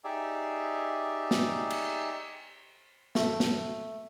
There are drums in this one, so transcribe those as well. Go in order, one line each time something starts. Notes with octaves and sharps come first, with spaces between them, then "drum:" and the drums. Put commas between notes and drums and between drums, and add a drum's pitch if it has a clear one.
D#4 G4 G#4 D5 E5
drum: snare
drum: cymbal
A3, drum: snare
drum: snare